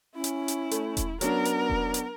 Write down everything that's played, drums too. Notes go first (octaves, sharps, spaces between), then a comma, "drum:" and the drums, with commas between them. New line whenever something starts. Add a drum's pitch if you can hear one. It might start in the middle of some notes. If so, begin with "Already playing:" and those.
C#4 E4
drum: hi-hat
drum: hi-hat
A3, drum: hi-hat
drum: kick E1, hi-hat
F#3 B3 C#4 D4 A#4, drum: hi-hat
drum: hi-hat
drum: kick E1
drum: hi-hat